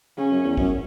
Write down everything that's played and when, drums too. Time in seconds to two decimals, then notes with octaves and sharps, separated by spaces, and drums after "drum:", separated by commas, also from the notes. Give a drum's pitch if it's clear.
0.17 C#3 C#4
0.31 F#2
0.44 E2
0.57 F#2, drum: kick